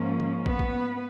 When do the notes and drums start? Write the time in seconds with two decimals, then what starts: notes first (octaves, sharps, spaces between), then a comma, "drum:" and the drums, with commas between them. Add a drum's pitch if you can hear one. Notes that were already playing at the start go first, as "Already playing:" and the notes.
Already playing: G#2 F3 A#3 C#4
0.20 drum: tom
0.46 B3 B4, drum: kick
0.59 drum: kick